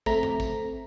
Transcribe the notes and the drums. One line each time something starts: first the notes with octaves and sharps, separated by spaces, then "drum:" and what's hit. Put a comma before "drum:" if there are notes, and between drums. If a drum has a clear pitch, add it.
A3 C4 A#5 B6, drum: kick G#1, tambourine
drum: tom F#2
drum: kick G#1, tambourine